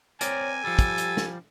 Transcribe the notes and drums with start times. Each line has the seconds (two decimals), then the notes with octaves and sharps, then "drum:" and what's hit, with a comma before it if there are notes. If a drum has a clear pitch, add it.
0.21 C4 A#4 C#5 D5 G#5, drum: hi-hat
0.64 F3 G3 G4 A4
0.79 drum: kick, hi-hat
0.98 drum: hi-hat
1.17 drum: snare